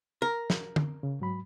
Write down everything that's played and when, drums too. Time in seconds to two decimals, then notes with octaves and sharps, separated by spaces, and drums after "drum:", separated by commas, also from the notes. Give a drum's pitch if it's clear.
0.22 A#4
0.50 drum: snare
0.76 drum: tom
1.03 C#3
1.20 G#2 F#3 B5